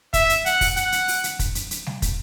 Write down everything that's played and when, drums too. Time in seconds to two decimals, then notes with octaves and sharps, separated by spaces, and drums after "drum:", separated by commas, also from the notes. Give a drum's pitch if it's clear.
0.13 E5, drum: kick, hi-hat
0.29 drum: hi-hat
0.46 F#5, drum: hi-hat
0.61 drum: kick, open hi-hat
0.77 F#5, drum: hi-hat
0.92 drum: hi-hat
1.08 drum: open hi-hat
1.24 drum: hi-hat
1.39 drum: kick, hi-hat
1.55 drum: hi-hat
1.71 drum: hi-hat
1.86 drum: snare G3
2.02 drum: kick, hi-hat